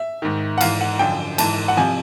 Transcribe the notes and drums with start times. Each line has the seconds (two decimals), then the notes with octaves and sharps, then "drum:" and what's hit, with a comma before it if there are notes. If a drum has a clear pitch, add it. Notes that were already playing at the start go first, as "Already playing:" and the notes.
Already playing: E5
0.22 G#2 D#3
0.58 F#5
0.61 G#2 E3 F5, drum: cymbal
0.81 F#5
0.99 F#2 D3 F3 G5
1.38 G#2 E3 A5, drum: cymbal
1.68 F#5
1.77 C3 F3 G#5